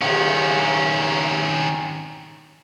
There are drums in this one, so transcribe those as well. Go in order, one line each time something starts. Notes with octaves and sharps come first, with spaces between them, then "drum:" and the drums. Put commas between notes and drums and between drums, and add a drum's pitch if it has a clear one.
D#3 C#4, drum: cymbal